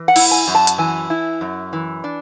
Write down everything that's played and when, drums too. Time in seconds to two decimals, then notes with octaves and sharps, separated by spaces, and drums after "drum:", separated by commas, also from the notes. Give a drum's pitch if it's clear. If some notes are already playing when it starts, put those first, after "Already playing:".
Already playing: E3
0.08 F#5
0.16 E4, drum: cymbal
0.31 G#5
0.48 F#2
0.55 A5
0.67 drum: hi-hat
0.78 E3 G#5
1.10 E4
1.41 F#2
1.73 E3
2.04 D4